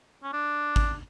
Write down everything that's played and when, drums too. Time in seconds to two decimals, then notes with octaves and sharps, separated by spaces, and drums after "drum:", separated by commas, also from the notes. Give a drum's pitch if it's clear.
0.23 C#4
0.33 D4
0.76 drum: kick G#1